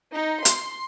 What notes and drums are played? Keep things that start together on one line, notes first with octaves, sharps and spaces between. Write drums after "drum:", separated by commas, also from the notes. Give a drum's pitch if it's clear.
D#4
C6, drum: hi-hat